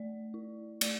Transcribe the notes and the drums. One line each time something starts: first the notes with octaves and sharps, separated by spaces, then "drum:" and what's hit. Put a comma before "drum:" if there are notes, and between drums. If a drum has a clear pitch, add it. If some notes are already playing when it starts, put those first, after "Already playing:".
Already playing: A3 D5
E4
A3 D5, drum: cymbal